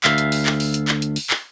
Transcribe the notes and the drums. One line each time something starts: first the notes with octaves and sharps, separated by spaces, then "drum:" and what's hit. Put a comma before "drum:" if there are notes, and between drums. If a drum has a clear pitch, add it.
D2 E5 F5, drum: clap
drum: hi-hat
drum: open hi-hat
drum: clap
drum: open hi-hat
drum: hi-hat
drum: clap
drum: hi-hat
drum: open hi-hat
drum: clap